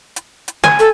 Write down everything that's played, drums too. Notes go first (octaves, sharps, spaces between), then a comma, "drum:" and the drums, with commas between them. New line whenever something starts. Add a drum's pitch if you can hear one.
drum: hi-hat
drum: hi-hat
G#5, drum: snare
A4